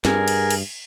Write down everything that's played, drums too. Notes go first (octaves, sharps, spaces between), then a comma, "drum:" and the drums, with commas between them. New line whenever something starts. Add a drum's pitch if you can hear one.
G2 G#4 A#4, drum: snare
drum: cymbal
drum: cymbal